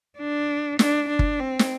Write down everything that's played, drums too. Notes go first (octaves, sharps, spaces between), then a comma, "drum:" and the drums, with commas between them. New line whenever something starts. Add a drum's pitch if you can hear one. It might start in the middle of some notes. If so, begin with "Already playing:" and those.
D4
D4, drum: snare
D4
drum: kick G1
C4
drum: snare